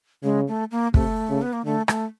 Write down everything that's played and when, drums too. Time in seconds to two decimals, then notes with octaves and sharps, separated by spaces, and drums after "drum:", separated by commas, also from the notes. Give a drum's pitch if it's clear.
0.23 C#3 G#3
0.48 A3
0.71 A#3
0.94 C3 A3, drum: kick
1.30 C#3
1.42 B3
1.53 A#3
1.65 D3 A3
1.88 A3, drum: rim click